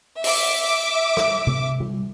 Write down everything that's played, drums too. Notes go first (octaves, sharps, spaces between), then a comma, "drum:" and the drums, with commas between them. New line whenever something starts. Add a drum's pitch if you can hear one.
E5 D6, drum: open hi-hat
drum: rim click
drum: tom C3
drum: tom